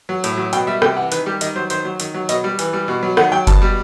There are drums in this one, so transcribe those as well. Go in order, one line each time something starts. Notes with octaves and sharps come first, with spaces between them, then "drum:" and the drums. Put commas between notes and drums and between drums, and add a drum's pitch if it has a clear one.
F#3
A2, drum: hi-hat
F#3
B2 G5, drum: hi-hat
G3 E5
C3 G5, drum: rim click
E3 F#5
D#3 B4, drum: hi-hat
G3 G4
D#3 D#5, drum: hi-hat
F#3 C5
D#3 C5, drum: hi-hat
F#3
D#3, drum: hi-hat
F#3
B2 D#5, drum: hi-hat
G3
E3, drum: hi-hat
G3
B2
F#3
D#3 F#5, drum: rim click
F#3 G5
B2 A5, drum: kick F#1, hi-hat
G3